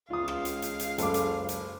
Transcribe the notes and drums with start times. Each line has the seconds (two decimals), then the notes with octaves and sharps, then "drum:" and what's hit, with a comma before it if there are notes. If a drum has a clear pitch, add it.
0.10 C#2 F4 F5 D#6
0.28 drum: rim click
0.45 drum: hi-hat
0.62 drum: hi-hat
0.80 drum: hi-hat
0.98 F#1 A4 D6, drum: hi-hat
1.14 drum: hi-hat
1.49 drum: hi-hat